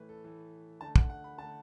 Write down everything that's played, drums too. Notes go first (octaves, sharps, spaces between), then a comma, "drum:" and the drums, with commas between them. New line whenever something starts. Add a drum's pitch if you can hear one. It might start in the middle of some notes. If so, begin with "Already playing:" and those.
Already playing: A2 E3 A3 B4
A4
A2 E3 A3
D3 A3 A5
F#5, drum: kick
F#5
B5
D3 A3 A5